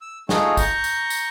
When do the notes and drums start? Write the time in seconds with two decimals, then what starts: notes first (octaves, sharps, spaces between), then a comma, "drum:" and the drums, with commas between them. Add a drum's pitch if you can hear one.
0.01 E6
0.29 A3 D#4 F4 F#4 G#4, drum: snare
0.57 A#5 C#6 G6, drum: kick, tambourine
0.84 drum: tambourine
1.10 drum: tambourine